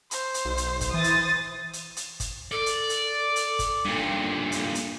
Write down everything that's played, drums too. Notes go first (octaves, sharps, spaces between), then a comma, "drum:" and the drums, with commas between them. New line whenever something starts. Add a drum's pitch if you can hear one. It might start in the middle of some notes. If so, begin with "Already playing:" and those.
C5, drum: hi-hat
drum: hi-hat
B1
drum: hi-hat
drum: kick G1, hi-hat
E3 C5 D#6 A6
drum: hi-hat
drum: hi-hat
drum: hi-hat
drum: kick G1, hi-hat
A4 D5
drum: hi-hat
drum: hi-hat
drum: hi-hat
drum: kick G1, hi-hat
G2 A#2
drum: hi-hat
drum: hi-hat